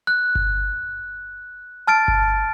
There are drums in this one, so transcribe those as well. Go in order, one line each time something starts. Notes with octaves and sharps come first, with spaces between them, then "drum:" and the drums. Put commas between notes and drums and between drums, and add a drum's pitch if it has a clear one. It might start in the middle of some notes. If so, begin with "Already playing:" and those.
F#6
drum: kick G1
A5 F6 A6 D7
drum: kick G1